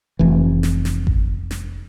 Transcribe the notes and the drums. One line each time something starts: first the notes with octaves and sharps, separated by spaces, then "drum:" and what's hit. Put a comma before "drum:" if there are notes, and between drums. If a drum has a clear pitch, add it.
F1 E3
drum: snare
drum: snare
drum: kick G#1
drum: snare